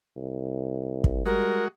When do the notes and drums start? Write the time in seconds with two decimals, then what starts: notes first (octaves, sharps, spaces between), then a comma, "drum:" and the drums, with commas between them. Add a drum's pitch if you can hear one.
0.16 C2
1.04 drum: kick
1.26 G3 G#3 F#4 A#4